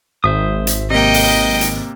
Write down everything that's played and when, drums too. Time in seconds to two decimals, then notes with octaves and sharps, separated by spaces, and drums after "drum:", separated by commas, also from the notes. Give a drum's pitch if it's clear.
0.24 G#1 C5 E5 D#6
0.67 drum: hi-hat
0.90 C3 A#3 D#4 D#5 G5
1.14 drum: open hi-hat
1.61 drum: hi-hat